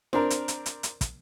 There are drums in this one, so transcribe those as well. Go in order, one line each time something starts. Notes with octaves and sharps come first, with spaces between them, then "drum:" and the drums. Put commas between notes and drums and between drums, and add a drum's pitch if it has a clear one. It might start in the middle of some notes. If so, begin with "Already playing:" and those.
C4 D4 A#4, drum: snare
drum: hi-hat
drum: hi-hat
drum: hi-hat
drum: hi-hat
drum: kick, hi-hat